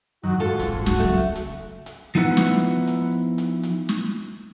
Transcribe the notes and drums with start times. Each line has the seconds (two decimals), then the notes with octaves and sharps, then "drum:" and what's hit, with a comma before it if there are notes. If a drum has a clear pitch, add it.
0.24 F#2 D#3 F#3 F#4
0.40 G#2 F4 A4
0.60 A1 D#4, drum: hi-hat
0.86 G3 A#3 F#4, drum: snare
0.99 C#2 F#3 A3
1.36 drum: hi-hat
1.86 drum: hi-hat
2.15 F3 B3 D#4 E4 B4 F#5
2.37 drum: snare
2.87 drum: hi-hat
3.38 drum: hi-hat
3.63 drum: hi-hat
3.89 drum: snare